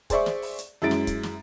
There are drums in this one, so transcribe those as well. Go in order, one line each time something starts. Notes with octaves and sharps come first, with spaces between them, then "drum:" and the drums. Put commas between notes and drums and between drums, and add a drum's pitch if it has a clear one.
G#4 C5 D5 E5 C#6, drum: kick, hi-hat
drum: snare
drum: open hi-hat
drum: hi-hat
F#2 G#3 E4 E5 A6 D7
drum: snare
drum: kick, hi-hat
drum: snare